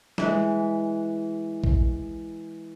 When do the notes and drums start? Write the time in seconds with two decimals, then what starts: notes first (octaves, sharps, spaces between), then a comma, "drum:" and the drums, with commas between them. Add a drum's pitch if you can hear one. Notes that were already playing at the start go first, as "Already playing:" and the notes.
0.18 E3 G#3, drum: snare
1.64 drum: kick